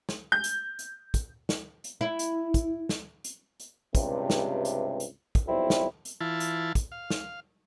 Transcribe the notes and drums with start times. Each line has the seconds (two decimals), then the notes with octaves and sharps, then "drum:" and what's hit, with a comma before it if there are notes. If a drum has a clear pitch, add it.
0.09 drum: snare
0.32 G6
0.44 drum: hi-hat
0.79 drum: hi-hat
1.14 drum: kick, hi-hat
1.49 drum: snare
1.84 drum: hi-hat
2.01 E4
2.19 drum: hi-hat
2.54 drum: kick, hi-hat
2.89 drum: snare
3.24 drum: hi-hat
3.60 drum: hi-hat
3.95 C#2 G2 C3, drum: kick, hi-hat
4.30 drum: snare
4.65 drum: hi-hat
5.00 drum: hi-hat
5.35 drum: kick, hi-hat
5.47 B1 F2 G3 C4 E4
5.70 drum: snare
6.05 drum: hi-hat
6.20 E3 E4 F4 A5
6.40 drum: hi-hat
6.75 drum: kick, hi-hat
6.92 F5
7.10 drum: snare